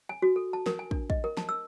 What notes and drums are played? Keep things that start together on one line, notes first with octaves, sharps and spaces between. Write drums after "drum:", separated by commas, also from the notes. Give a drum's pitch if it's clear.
G#5
F#4
A4
A5
A#4, drum: snare
G#5
D4, drum: kick
D#5, drum: kick
A#4
A5, drum: snare
E6